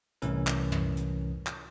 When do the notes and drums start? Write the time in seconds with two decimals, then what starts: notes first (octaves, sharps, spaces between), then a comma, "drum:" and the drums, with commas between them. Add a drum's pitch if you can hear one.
0.22 C2 A2 E3 C#4 A#4, drum: hi-hat
0.47 drum: clap
0.72 drum: tom
0.97 drum: hi-hat
1.46 drum: clap